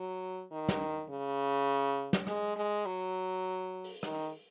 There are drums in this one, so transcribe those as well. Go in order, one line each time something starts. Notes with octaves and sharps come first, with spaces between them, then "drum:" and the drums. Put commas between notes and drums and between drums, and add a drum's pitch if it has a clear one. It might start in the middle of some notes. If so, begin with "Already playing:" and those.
Already playing: F#3
D#3
drum: snare
C#3
drum: snare
G#3, drum: rim click
G#3
F#3
drum: open hi-hat
D#3, drum: rim click